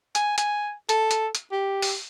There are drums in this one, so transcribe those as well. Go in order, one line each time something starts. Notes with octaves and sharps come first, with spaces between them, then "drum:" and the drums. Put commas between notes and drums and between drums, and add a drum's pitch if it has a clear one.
G#5, drum: hi-hat
G#5, drum: hi-hat
A4, drum: hi-hat
drum: hi-hat
drum: hi-hat
G4
drum: open hi-hat